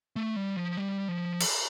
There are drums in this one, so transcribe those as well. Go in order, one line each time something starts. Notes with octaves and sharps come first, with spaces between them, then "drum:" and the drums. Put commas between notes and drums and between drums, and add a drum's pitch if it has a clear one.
A3
G3
F3
G3
F3
drum: cymbal